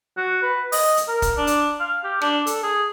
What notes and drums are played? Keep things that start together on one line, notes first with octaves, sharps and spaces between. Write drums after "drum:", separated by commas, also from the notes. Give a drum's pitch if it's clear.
F#4
B4
D#5, drum: open hi-hat
drum: hi-hat
A#4
drum: kick, hi-hat
D4
drum: hi-hat
F5
G4
D4, drum: rim click
A4, drum: hi-hat
G#4